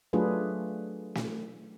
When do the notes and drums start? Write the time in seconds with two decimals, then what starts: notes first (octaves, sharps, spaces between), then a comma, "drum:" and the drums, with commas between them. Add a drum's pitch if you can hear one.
0.13 F#3 A3 D4 F4 G#4 B4
1.15 drum: snare